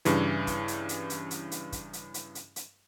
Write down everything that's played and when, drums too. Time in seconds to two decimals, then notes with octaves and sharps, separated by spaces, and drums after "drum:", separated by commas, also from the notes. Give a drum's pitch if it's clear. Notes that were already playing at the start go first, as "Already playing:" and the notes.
0.05 G2 C#3 E3, drum: hi-hat
0.47 drum: kick, hi-hat
0.68 drum: hi-hat
0.89 drum: hi-hat
1.10 drum: hi-hat
1.31 drum: hi-hat
1.52 drum: hi-hat
1.72 drum: kick, hi-hat
1.93 drum: hi-hat
2.14 drum: hi-hat
2.35 drum: hi-hat
2.56 drum: hi-hat